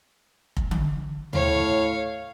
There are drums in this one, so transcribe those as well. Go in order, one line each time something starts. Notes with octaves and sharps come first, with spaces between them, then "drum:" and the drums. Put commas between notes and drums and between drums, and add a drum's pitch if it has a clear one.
drum: kick F1
drum: tom D3
A2 C#5 F5, drum: tom D#2